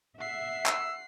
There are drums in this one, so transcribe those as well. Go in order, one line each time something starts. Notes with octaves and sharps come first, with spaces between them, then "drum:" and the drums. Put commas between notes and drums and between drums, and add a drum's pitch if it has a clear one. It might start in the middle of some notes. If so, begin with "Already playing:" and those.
E5 F#5 C7
E6, drum: clap